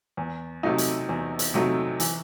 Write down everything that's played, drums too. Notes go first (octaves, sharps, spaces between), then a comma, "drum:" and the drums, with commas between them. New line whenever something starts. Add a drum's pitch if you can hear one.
E2
C3 F#3 A3 D#4
drum: hi-hat
E2
drum: hi-hat
C3 F#3 A3 D#4
E3, drum: hi-hat